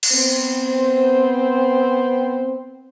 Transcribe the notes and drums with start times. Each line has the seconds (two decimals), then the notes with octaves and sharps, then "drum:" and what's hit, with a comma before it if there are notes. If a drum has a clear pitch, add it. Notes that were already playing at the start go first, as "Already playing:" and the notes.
0.03 drum: cymbal
0.12 B3 C4 C5